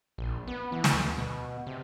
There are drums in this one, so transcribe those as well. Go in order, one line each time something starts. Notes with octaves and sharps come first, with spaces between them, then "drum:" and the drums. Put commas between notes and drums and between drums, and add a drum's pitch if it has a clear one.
A#1
B3
E3
drum: snare
D2
B2
C3